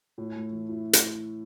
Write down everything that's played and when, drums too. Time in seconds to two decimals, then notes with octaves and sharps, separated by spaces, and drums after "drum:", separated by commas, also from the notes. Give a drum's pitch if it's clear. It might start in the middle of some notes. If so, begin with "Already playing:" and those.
0.18 A2
0.35 A3
0.52 E3
0.69 E4
0.93 drum: hi-hat